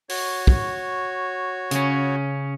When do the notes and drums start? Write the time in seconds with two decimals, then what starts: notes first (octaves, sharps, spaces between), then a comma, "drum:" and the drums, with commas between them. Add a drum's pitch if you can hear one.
0.09 F#4 C#5, drum: open hi-hat
0.47 drum: kick
1.71 C#3 C#4, drum: hi-hat